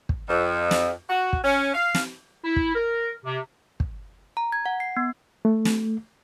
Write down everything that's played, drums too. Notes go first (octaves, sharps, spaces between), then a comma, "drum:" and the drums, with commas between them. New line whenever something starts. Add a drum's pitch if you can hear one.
drum: kick
F2
drum: snare
F#4
drum: kick
C#4
F5
drum: snare
E4
drum: kick
A#4
C3
drum: kick
A#5
G#6
F#5
C7
B3
A3
drum: snare